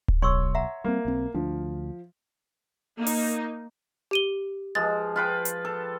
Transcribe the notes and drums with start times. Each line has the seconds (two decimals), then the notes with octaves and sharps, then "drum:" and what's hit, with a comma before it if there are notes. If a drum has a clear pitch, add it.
0.08 drum: kick D1
0.22 B1 C#5 C6 C#6 E6
0.55 E5 F#5 A#5
0.84 G3 A#3 C4
1.05 B1 C4
1.34 D2 F3 D4
2.97 A#3 D#4
3.07 drum: open hi-hat
4.11 G4 D#7 G7
4.75 F3 G#3 A6
5.16 F4 B4 G5
5.45 drum: hi-hat
5.65 A4